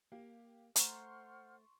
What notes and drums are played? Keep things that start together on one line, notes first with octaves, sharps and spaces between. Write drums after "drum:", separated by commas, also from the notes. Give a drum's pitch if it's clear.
A#3 G4 F5
A3 C5 F#5 A#5 C6 C#6 F6, drum: hi-hat